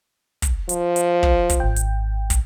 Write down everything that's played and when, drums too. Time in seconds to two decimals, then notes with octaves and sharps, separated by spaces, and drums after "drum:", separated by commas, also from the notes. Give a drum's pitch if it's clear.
0.42 drum: kick, hi-hat
0.69 F3, drum: hi-hat
0.96 drum: hi-hat
1.23 drum: kick
1.50 drum: kick, hi-hat
1.60 G#1 G5
1.76 drum: hi-hat
2.30 drum: kick, hi-hat